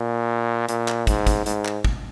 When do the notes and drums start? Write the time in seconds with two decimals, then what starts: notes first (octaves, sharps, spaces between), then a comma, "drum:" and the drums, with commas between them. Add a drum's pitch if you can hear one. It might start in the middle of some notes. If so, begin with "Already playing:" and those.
Already playing: A#2
0.69 A#2, drum: hi-hat
0.88 drum: clap
1.07 G#2, drum: kick, hi-hat
1.27 drum: kick, hi-hat
1.46 G#2, drum: hi-hat
1.65 drum: clap
1.85 drum: kick